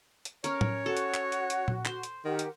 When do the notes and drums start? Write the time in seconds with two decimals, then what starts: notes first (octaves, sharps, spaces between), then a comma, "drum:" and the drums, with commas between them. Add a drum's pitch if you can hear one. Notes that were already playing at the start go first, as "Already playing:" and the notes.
0.25 drum: hi-hat
0.44 C#4 A#4 C#5, drum: hi-hat
0.61 drum: tom A2
0.86 F#4 A4
0.97 drum: hi-hat
1.14 drum: clap
1.32 drum: hi-hat
1.50 drum: hi-hat
1.68 drum: tom A#2
1.86 C5, drum: clap
2.03 drum: hi-hat
2.25 D#3 G4 A#4 F#5
2.39 drum: hi-hat